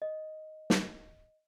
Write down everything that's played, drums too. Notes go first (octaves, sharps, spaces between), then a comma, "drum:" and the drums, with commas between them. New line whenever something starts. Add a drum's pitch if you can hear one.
D#5
drum: snare